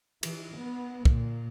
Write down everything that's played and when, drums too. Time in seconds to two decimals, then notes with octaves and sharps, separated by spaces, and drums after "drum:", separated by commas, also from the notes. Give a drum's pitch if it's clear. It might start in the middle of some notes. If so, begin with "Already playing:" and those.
0.23 E3, drum: cymbal
0.59 B3
1.05 A#2, drum: kick